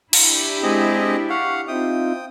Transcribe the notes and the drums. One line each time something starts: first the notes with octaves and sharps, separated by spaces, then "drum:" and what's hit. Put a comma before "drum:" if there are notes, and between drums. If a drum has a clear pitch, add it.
D4 E4 G4, drum: cymbal
G#3 C4 G#4 D#5
F5 F#5 C#6
C4 D#4 F4 E5 G5 D#6